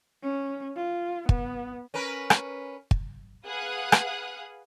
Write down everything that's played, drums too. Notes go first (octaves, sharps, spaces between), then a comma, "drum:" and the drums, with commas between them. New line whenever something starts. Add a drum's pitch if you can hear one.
C#4
F4
B3, drum: kick
C#4 A#4 B4
drum: rim click
drum: kick
G#4 B4 F5 F#5 D#6 F#6
drum: rim click